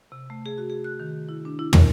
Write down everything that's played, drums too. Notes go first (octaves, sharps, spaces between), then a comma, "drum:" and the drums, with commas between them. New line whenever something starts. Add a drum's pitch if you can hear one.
C3
A3
G#4
F#4
G#4
F#6
D#3
E4
D4
E4
A#4, drum: tom